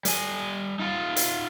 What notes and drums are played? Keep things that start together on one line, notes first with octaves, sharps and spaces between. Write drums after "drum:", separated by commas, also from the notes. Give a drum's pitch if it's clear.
G3 G#5, drum: hi-hat
D#4 F4
drum: hi-hat